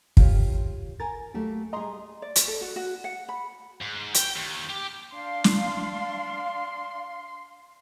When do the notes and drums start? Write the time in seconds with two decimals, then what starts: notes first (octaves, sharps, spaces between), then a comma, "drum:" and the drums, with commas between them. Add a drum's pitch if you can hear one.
0.17 F4 G4 C#5, drum: kick
1.00 A#4 G#5 A#5 A6
1.34 D#2 F#3 A3 A#3 G4
1.73 G3 G#4 D#5 A#5 C6
2.22 D5
2.36 drum: hi-hat
2.48 A4
2.61 F#4
2.76 F#4
3.04 F#5
3.29 B5
3.82 G#2
4.14 G5, drum: hi-hat
4.36 D#2
4.70 G4
5.15 D4 F5 C6
5.44 drum: snare